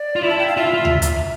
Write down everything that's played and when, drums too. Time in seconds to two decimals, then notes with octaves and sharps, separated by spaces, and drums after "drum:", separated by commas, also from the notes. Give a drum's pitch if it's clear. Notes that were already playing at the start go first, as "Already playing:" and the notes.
Already playing: D5
0.16 F4
0.23 E4
0.30 A5
0.39 G5
0.47 F5
0.56 F4 E5
0.74 F4
0.85 drum: tom D2
1.02 drum: hi-hat